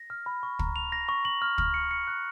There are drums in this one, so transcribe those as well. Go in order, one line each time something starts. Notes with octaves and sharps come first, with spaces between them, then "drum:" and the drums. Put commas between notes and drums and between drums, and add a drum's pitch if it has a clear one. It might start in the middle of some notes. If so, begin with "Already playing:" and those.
Already playing: A#6
F6
B5
C#6
A#5, drum: kick
F7
A#6
C#6
F#7
F6
F6, drum: kick
C#7
C#7
F#6